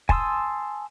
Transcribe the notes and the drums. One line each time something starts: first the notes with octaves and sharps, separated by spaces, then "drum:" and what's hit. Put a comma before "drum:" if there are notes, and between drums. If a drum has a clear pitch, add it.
G#5 A5 C6 D#6 E6, drum: kick